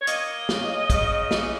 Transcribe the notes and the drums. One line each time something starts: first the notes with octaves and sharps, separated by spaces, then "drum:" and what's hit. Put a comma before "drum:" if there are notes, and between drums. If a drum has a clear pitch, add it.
C#5
A#3 D#5, drum: hi-hat
C#3, drum: snare
C#3, drum: kick, hi-hat
E3, drum: snare